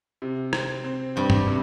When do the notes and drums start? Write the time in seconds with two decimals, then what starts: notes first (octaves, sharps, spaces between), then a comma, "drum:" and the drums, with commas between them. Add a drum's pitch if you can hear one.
0.22 C3
0.53 C4, drum: rim click
0.84 C4
1.16 G2 C4
1.30 drum: tom G2
1.47 C3